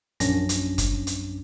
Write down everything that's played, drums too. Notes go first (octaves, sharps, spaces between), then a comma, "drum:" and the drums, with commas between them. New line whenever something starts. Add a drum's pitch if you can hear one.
A#1 F#2 C#4 D4 A#6, drum: hi-hat
drum: hi-hat
drum: kick, hi-hat
drum: hi-hat